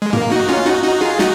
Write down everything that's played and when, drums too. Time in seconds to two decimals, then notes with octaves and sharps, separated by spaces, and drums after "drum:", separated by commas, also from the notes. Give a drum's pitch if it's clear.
0.02 G#3
0.13 A#3, drum: tom
0.32 D#4 F#4
0.49 C#4 F4
0.66 D#4 F#4
0.83 D#4 F#4
1.01 F4 G#4
1.19 D#4 F#4, drum: snare